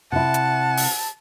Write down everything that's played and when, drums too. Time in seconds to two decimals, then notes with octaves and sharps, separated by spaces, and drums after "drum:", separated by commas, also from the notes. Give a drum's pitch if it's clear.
0.12 C3 E4 F#5 A5
0.34 drum: hi-hat
0.77 drum: open hi-hat